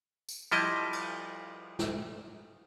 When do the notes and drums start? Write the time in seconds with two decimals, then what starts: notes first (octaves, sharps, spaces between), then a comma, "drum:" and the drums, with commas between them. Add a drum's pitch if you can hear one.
0.29 drum: tambourine
0.52 F3 G3 E4 D#5, drum: cymbal
0.93 drum: cymbal
1.79 drum: snare